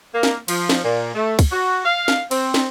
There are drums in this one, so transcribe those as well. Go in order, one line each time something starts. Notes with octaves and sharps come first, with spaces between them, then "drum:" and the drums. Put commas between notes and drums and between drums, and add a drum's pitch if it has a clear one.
A#3
drum: snare
F3, drum: cymbal
drum: snare
A#2
A3
drum: kick, cymbal
F#4
F5
drum: snare
C4, drum: cymbal
drum: snare